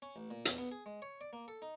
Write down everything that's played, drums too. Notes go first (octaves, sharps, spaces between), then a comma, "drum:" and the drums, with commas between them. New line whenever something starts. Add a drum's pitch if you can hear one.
C#4
A1
A#2
E2, drum: hi-hat
B3
G#4
G#3
C#5
D5
A#3
A4
D#4